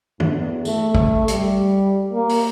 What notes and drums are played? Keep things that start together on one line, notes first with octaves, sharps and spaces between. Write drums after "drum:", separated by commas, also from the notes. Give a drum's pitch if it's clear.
E2, drum: tom
A3, drum: tambourine
drum: kick
G3, drum: hi-hat
A#3
drum: open hi-hat